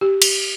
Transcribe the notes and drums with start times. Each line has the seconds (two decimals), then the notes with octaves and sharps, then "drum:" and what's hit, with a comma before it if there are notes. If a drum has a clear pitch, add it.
0.01 G4
0.22 drum: cymbal